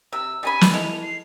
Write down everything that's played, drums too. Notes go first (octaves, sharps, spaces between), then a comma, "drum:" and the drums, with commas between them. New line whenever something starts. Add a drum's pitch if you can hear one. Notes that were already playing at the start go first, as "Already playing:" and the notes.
C3 E6
G3 C#4 G#5 B5
drum: snare
G#3 E4 A4 F7
C7